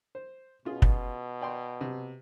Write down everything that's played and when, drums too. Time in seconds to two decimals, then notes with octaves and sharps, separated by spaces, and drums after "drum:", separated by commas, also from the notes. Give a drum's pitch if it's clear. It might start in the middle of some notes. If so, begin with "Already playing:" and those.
0.15 C5
0.65 B2 C#4 F4 G#4
0.82 drum: kick
1.41 D5 G5 C6
1.81 C3